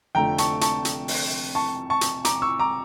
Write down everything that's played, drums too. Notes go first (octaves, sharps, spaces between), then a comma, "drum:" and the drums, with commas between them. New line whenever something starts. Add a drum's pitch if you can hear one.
F1 F2 D3 F3 A3 G5 A#5
A5 C#6, drum: hi-hat
A5 C#6, drum: hi-hat
drum: hi-hat
drum: open hi-hat
A5 C#6
A5 C#6
drum: hi-hat
A#5 D6, drum: hi-hat
C#6 E6
A#5 D6